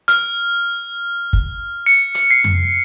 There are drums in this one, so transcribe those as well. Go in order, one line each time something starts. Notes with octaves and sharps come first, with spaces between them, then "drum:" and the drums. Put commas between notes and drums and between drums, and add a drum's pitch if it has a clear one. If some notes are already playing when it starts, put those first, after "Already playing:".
F6, drum: hi-hat
drum: kick
C#7
drum: hi-hat
C7
drum: tom F2